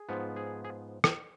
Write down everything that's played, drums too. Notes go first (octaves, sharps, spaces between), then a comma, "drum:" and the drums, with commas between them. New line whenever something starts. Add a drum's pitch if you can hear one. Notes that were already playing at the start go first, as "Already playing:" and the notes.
Already playing: G#4
G#2 F3 B3
G#4
G#4
drum: rim click